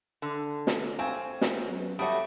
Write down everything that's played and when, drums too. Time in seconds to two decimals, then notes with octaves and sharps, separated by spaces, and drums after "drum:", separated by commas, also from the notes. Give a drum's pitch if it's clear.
0.22 D3
0.67 drum: snare
0.99 C4 F5 G#5 C#6
1.41 drum: snare
1.67 F#3 B3 C#4
1.99 G3 A3 F#4 C#5 D#6